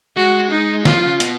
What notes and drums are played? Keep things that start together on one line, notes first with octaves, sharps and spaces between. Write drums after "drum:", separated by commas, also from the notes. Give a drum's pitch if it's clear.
G#3 F#4
D#4
F3 F4, drum: snare
C#3
B2, drum: hi-hat